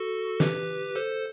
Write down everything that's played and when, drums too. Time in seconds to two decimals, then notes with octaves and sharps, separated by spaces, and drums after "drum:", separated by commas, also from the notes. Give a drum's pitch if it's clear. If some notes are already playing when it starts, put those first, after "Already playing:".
Already playing: F#4 A4
0.40 G4 B4, drum: snare
0.96 A4 C5